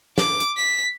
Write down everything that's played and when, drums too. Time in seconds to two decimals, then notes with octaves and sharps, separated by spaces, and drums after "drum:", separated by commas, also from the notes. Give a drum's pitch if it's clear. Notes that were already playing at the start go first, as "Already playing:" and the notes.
0.18 D6, drum: snare
0.40 drum: hi-hat
0.57 B6